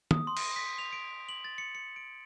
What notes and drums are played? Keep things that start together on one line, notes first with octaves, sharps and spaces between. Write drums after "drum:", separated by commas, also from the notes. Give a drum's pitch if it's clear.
D#6, drum: tom
C6
drum: cymbal
B6
F7
D7
F#7
A6
C#7
C#7
D7